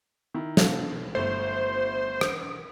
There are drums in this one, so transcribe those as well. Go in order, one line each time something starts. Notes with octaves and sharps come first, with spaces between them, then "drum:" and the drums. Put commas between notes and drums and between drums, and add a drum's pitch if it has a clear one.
D#3 E4
B2 A4 F5, drum: snare
G1 A3 C5
drum: rim click